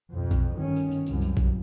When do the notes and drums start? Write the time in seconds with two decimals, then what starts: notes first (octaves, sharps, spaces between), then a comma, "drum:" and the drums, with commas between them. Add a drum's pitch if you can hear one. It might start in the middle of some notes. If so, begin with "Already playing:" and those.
0.11 B1 F2
0.31 drum: kick A#1, tambourine
0.55 G1 D#3 C#4
0.76 drum: tambourine
0.91 drum: tambourine
1.07 C2 F#2, drum: tambourine
1.22 drum: tambourine
1.37 drum: kick A#1, tambourine